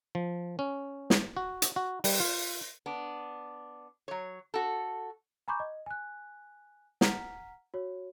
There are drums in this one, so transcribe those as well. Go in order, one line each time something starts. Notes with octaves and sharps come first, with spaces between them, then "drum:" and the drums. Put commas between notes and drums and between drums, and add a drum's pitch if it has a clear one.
F3
C#4
drum: snare
F#4
drum: hi-hat
F#4
G3, drum: open hi-hat
F4
B3 D4
F#3 C#5
F#4 A4
G#5 A#5 B5 C#6 D6 G6
D#5
G#5 F#6
F#5 A#5 F6 B6, drum: snare
F#4 C#5